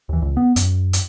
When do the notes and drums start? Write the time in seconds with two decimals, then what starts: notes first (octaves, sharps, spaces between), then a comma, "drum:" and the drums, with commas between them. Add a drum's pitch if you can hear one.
0.09 D#2 E3
0.22 C#2
0.37 B3
0.56 F#2, drum: hi-hat
0.93 drum: hi-hat